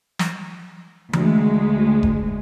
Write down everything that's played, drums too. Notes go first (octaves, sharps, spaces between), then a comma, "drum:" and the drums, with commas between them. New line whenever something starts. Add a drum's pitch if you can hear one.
drum: snare
D2 G#3, drum: tom E3
drum: kick F1